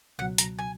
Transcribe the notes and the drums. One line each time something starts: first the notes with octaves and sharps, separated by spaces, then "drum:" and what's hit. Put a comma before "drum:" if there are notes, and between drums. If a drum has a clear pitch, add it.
C#2 B2 F#3 F#5
A#5, drum: hi-hat
G#5